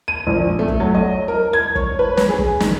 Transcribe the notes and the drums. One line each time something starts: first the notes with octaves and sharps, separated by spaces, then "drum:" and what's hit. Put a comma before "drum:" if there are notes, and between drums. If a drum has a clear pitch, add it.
D#7
A#1
A3
drum: kick
F#3
D#5
A#4
G#6
C#5, drum: kick
B4
drum: snare
G#4
drum: kick
D#3, drum: snare